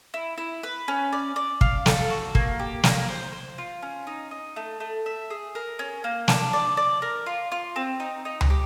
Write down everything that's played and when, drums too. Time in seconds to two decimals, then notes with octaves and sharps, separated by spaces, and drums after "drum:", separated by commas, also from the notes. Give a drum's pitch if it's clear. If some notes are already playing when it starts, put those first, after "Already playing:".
0.14 E4
0.38 E4
0.63 B4
0.88 C#4
1.13 D5
1.36 D5
1.61 F5, drum: kick
1.86 A4, drum: snare
2.10 F#4
2.35 A#3, drum: kick
2.60 G4
2.84 A#3, drum: snare
3.09 C5
3.33 C5
3.58 F4
3.82 C#4
4.07 D#4
4.31 D#4
4.56 A3
4.80 A3
5.06 E5
5.30 G#4
5.55 A#4
5.79 C#4
6.04 A#3
6.28 D4, drum: snare
6.53 D5
6.77 D5
7.02 A#4
7.26 F4
7.52 F4
7.76 C4
8.00 D#4
8.25 D#4
8.41 drum: tom C#2
8.50 G4